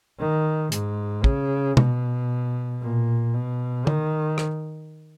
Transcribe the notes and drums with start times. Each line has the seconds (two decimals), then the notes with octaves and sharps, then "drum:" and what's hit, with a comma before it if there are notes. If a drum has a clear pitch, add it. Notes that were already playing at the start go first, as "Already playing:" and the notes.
0.19 D#3
0.72 G#2, drum: hi-hat
1.24 C#3, drum: kick
1.77 B2, drum: tom B2
2.82 A#2
3.34 B2
3.87 D#3, drum: tom
4.38 drum: rim click